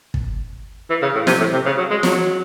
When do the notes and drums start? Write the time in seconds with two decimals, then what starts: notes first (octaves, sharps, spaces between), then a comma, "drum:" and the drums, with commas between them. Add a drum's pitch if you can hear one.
0.14 drum: kick
0.90 E3
1.02 C#3
1.14 A2
1.27 C3, drum: snare
1.40 A2
1.53 C3
1.65 C#3
1.77 F#3
1.91 G#3
2.03 F#3, drum: snare